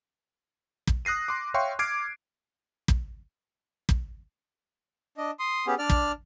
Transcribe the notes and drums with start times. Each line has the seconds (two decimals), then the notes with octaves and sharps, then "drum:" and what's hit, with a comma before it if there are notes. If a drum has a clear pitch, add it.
0.87 drum: kick
1.05 D#6 F#6 A#6 C7 D#7
1.28 C6 D6
1.54 C#5 E5 F5 G5 C6 C#6
1.79 D6 F6 G#6 C7 D7
2.88 drum: kick
3.89 drum: kick
5.17 D4 D#5
5.39 C6 D#6
5.67 B3 C#4 G4 G#4
5.79 D4 D5 F6
5.90 drum: kick